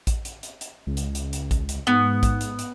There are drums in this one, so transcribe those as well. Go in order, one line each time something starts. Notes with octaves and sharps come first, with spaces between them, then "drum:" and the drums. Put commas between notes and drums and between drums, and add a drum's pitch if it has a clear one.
drum: kick A1, hi-hat
drum: hi-hat
drum: hi-hat
drum: hi-hat
C#2
drum: hi-hat
drum: hi-hat
drum: hi-hat
drum: kick A1, hi-hat
drum: hi-hat
G#2 B3
drum: kick A1, hi-hat
drum: hi-hat
drum: hi-hat